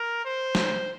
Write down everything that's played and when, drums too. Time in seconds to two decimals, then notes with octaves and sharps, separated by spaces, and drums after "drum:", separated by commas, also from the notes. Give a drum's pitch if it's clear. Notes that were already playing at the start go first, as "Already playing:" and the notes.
Already playing: A#4
0.25 C5
0.55 drum: snare